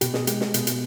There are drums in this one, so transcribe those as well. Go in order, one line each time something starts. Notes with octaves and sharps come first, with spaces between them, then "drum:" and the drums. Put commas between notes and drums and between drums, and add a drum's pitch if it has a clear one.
B2 G4, drum: hi-hat
G#4, drum: snare
G#3 G4, drum: hi-hat
drum: snare
B2, drum: hi-hat
drum: hi-hat